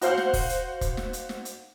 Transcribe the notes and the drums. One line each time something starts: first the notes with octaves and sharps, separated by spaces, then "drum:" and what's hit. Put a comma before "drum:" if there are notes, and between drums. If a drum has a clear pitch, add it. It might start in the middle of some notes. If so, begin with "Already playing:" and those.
F#4 C5 F5 F#5, drum: hi-hat
drum: snare
drum: kick, open hi-hat
drum: hi-hat
drum: kick, hi-hat
drum: snare
drum: hi-hat
drum: snare
drum: hi-hat